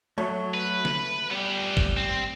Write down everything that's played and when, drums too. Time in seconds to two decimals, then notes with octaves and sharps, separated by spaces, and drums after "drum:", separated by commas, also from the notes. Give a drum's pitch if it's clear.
0.18 F#3 A3 C#5
0.54 B4
0.85 drum: snare
1.31 G3 B3 G4
1.77 drum: kick
1.97 C4